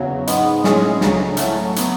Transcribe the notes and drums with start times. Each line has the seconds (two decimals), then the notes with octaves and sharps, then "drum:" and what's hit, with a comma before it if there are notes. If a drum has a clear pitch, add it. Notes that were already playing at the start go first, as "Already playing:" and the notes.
Already playing: E2 C#3 F#3
0.27 G#2 G#3 B3, drum: hi-hat
0.64 A2 G#3 C#4 G#4, drum: snare
1.01 D2 C#3 F#3, drum: snare
1.37 A2 F#3 A3 C#4, drum: hi-hat
1.76 F#3 B3, drum: hi-hat